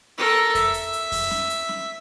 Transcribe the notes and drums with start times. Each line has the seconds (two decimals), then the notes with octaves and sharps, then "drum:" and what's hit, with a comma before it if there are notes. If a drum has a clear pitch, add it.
0.18 A4 A#4
0.55 E5, drum: kick F2, hi-hat
0.74 drum: hi-hat
0.93 drum: hi-hat
1.12 drum: kick F2, open hi-hat
1.31 drum: snare C#4
1.50 drum: hi-hat
1.69 drum: snare C#4